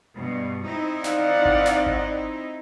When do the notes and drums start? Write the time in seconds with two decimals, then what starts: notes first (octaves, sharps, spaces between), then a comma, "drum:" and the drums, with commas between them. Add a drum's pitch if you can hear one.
0.16 G2 B2
0.66 C4 D#4 E4
1.04 D5 F5 F#5, drum: snare
1.45 drum: kick G#1
1.66 drum: snare
1.86 drum: kick G#1